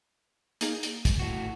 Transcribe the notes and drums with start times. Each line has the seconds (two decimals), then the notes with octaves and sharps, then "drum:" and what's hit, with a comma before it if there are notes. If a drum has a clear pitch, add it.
0.61 A#3 D#4 G#4, drum: hi-hat
0.83 drum: hi-hat
1.05 drum: kick, hi-hat
1.20 A2 F#4